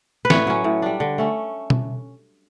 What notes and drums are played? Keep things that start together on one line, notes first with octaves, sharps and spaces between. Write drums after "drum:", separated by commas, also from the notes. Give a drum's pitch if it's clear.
B4
A2 C#5, drum: snare
F#3 C#4
A2
G3 D4
D3
A3 C#4
drum: tom B2